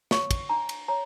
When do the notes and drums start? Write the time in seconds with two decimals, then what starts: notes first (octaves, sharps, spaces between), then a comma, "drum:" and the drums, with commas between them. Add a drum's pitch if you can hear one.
0.11 C#5 C#6, drum: snare
0.31 drum: kick, cymbal
0.49 D4 A#5
0.69 drum: cymbal
0.88 C#5 A#5